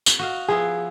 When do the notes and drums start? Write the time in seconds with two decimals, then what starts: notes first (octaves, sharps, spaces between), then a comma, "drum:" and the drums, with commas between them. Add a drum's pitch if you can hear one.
0.06 drum: tambourine
0.19 F#4 D#5 F5
0.48 F3 B3 E4 G#4